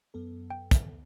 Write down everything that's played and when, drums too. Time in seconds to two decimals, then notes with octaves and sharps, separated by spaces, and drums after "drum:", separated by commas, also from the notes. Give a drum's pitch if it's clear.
0.14 F#2 B3 A4
0.50 G5
0.71 drum: kick, hi-hat